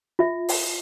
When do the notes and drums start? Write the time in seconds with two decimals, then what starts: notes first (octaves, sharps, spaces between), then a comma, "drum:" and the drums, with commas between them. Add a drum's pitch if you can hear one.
0.19 F4 E5
0.49 drum: open hi-hat